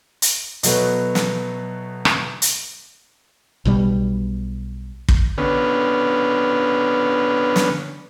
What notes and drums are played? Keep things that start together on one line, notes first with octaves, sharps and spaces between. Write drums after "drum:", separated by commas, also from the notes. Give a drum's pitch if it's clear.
drum: hi-hat
B2 F#3 A3 B3, drum: hi-hat
drum: snare
drum: rim click
drum: hi-hat
B1 B2 G3
drum: kick
D3 B3 C#4
drum: snare